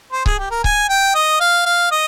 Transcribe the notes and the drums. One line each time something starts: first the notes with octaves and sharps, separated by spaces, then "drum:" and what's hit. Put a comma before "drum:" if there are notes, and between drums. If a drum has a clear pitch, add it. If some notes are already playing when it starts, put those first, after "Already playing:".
C5
G#4, drum: kick C#1
G4
A#4
G#5, drum: kick C#1
G5
D#5
F5
F5
D#5